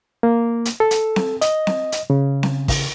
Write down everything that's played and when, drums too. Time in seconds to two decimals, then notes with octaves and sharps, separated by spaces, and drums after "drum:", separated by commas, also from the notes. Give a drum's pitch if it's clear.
0.23 A#3
0.65 drum: hi-hat
0.80 A4
0.91 drum: hi-hat
1.16 drum: snare C4
1.41 D#5, drum: hi-hat
1.67 drum: snare C4
1.92 drum: hi-hat
2.10 C#3
2.43 drum: snare C4
2.68 drum: kick, open hi-hat